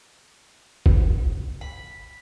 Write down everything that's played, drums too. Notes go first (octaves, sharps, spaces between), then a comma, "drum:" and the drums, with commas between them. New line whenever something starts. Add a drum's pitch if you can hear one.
drum: kick
B5